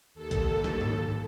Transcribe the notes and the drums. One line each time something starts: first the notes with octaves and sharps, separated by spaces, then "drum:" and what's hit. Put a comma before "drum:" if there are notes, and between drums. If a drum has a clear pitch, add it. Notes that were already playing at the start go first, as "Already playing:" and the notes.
D#2 A4
drum: kick, hi-hat
drum: snare
drum: tom G#2